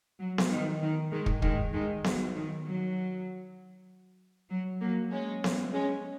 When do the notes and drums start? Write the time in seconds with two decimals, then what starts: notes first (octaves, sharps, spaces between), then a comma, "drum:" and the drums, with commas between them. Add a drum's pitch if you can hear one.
0.19 F#3
0.38 drum: snare B3
0.50 D#3
0.81 D#3
1.12 D#3 G#3
1.26 drum: kick
1.42 D#3 G#3, drum: kick
1.73 D#3 G#3
2.04 F#3, drum: snare B3
2.35 D#3
2.65 F#3
4.49 F#3
4.81 F#3 A#3
5.11 G#3 C#4
5.44 drum: snare B3
5.73 G#3 C#4